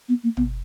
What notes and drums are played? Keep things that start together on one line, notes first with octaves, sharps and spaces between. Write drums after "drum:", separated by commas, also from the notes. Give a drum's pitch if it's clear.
B3
A#3
B3, drum: tom